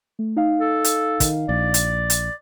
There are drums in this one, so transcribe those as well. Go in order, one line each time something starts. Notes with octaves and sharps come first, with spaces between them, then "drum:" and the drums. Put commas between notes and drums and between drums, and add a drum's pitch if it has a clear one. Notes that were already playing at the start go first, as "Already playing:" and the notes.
A3
D#4 F5
A4
drum: hi-hat
D#3, drum: kick, hi-hat
A#1 D5
drum: hi-hat
drum: hi-hat